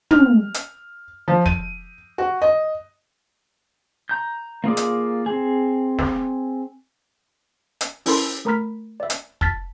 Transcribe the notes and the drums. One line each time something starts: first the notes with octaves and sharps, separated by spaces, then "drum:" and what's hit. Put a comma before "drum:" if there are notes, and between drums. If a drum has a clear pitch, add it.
F6, drum: tom
drum: hi-hat
F3
D#7, drum: kick
F#4
D#5
A#5 G6
A#3 F4 G#4 D5
drum: hi-hat
C4 G#4
drum: snare
drum: hi-hat
C#4 E4 A4 A#4 B5 C6, drum: open hi-hat
A3 A#4 A#5 B5 F6 B6
D5 E5
drum: hi-hat
A5 F6 A6 B6, drum: kick